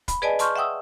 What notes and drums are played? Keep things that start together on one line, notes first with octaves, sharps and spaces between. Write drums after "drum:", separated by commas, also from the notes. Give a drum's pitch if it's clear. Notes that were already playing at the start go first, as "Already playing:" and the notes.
B5, drum: kick, hi-hat
G#4 B4 D5 D#5 G#5 A5
A5 C6 C#6 F6 G6, drum: hi-hat
E5 F#5 G5 D#6 E6